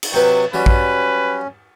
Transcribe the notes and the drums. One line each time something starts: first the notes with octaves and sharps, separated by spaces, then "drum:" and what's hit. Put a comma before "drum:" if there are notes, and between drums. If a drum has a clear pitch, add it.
drum: cymbal
C3 F#3 B4 G5 C#6
F#3 G3 C#4 B4
drum: kick